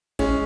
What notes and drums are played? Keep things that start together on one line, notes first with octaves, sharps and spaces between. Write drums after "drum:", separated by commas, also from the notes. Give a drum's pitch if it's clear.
G#3 C#4, drum: kick A1, cymbal